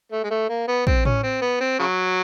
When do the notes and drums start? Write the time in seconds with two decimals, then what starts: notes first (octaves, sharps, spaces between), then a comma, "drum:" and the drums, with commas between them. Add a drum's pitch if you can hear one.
0.12 A3
0.24 G#3
0.30 A3
0.49 A#3
0.68 B3
0.87 C4, drum: kick
1.05 C#4, drum: tom A2
1.23 C4
1.42 B3
1.60 C4
1.79 C#3 F#3